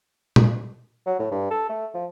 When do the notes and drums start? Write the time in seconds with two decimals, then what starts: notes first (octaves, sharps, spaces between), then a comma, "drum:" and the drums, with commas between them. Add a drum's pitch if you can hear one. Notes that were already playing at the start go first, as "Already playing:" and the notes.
0.36 drum: tom A#2
1.06 F#3
1.19 A2
1.31 G2
1.50 A4
1.69 A3
1.94 F3